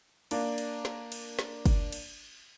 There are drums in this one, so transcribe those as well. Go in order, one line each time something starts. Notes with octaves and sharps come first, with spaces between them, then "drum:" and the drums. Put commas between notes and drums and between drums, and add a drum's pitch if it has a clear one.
A#3 D4, drum: cymbal
drum: cymbal
drum: snare
drum: cymbal
drum: snare
drum: kick, cymbal
drum: cymbal